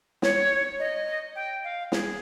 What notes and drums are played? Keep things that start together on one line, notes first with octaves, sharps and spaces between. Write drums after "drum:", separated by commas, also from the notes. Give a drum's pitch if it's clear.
C#5, drum: snare
D#5
G5
F5
G#4, drum: snare